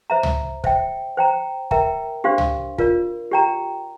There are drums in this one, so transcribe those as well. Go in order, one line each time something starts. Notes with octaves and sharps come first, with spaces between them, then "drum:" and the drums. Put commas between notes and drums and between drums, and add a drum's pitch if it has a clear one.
C5 E5 A#5
drum: tom
C5 E5 G5, drum: kick
C5 G5 A#5
A#4 E5 G5 A#5, drum: kick
D4 G4 C5 F5 C6
drum: tom
F4 A#4 D5, drum: kick
G4 D5 G5 A#5